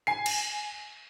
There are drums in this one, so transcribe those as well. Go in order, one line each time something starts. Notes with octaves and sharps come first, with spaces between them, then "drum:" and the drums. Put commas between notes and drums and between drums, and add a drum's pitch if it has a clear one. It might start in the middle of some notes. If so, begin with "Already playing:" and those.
G#5 C7
drum: cymbal